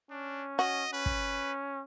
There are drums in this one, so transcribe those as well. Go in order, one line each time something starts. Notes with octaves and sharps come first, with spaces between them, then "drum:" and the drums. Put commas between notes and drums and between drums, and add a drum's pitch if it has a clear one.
C#4 D4
F#4 D#5
C#4 B4
drum: kick